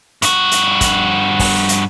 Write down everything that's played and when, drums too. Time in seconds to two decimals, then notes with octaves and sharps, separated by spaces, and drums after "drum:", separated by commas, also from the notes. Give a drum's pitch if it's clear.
0.22 G2 F#4, drum: hi-hat
0.51 drum: hi-hat
0.81 drum: kick, hi-hat
1.39 drum: kick, open hi-hat
1.69 drum: hi-hat